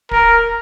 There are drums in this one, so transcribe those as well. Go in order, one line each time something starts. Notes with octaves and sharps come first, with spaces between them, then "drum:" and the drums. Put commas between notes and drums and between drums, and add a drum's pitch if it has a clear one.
A#4, drum: kick